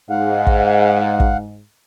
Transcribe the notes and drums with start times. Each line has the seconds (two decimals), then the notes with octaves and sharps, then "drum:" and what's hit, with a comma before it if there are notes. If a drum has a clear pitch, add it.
0.10 G#2 F5 F#5
0.47 drum: kick
1.20 drum: kick